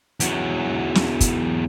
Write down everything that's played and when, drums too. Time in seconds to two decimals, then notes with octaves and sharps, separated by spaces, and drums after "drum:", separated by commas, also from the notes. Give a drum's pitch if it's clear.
0.20 E2 F#3, drum: hi-hat
0.95 drum: snare
1.20 drum: kick, hi-hat